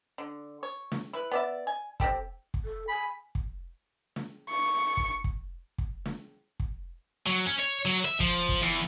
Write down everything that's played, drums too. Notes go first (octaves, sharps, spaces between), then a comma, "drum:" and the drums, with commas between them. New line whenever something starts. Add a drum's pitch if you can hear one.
D3
C#5
drum: snare
E4 B4
B3 D5 E5
G#5
C4 D4 G4 A4, drum: kick
drum: kick
A4
G#5 B5
drum: kick
drum: snare
C#6
drum: kick
drum: kick
drum: kick
drum: snare
drum: kick
F#3
C#4
C#5
F#3
E5
F3, drum: kick
drum: kick
E2